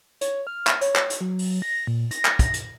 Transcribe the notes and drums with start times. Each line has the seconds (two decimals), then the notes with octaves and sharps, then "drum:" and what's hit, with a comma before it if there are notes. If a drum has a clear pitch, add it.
0.21 C#5, drum: hi-hat
0.47 F6
0.67 drum: clap
0.81 C#5, drum: hi-hat
0.96 drum: clap
1.10 drum: hi-hat
1.21 F#3
1.39 drum: open hi-hat
1.62 A#6
1.87 A#2
2.11 A#6, drum: hi-hat
2.25 drum: clap
2.39 drum: kick, hi-hat
2.54 drum: hi-hat